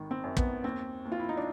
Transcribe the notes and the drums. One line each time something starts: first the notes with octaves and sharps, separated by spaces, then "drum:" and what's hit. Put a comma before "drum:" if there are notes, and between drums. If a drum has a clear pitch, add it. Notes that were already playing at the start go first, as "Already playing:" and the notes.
Already playing: G#1 D#3
C4
F#2
B3, drum: kick
D#2 C4
D#2
F4
E4
D#4
D4